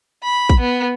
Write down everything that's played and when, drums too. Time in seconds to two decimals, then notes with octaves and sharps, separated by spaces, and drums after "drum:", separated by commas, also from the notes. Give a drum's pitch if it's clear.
0.24 B5
0.49 drum: kick
0.60 B3